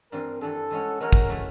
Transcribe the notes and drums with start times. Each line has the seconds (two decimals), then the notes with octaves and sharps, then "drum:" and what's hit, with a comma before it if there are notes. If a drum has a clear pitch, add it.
0.12 G2 E3 G3 C4 A#4
0.41 G2 E3 G3 C4 A4
0.70 E3 G#3 C#4 F#4
1.00 E3 G#3 C#4 F#4 A#4
1.13 drum: kick
1.29 E3 A3